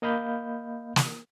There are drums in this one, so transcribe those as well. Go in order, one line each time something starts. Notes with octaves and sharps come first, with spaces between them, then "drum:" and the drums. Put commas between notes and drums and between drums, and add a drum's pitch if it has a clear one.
A#3 D#5 F5 B5 G6
drum: snare